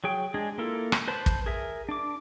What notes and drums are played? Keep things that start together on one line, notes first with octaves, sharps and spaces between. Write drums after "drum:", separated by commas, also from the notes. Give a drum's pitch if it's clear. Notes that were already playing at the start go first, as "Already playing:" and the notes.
F#3 G#4 G5
G#3 D4 G#4
A#3 E4 F4 A4 A#4
drum: rim click
B4 C5 A5 B5
drum: kick
G#4 A#4 E5
D4 D6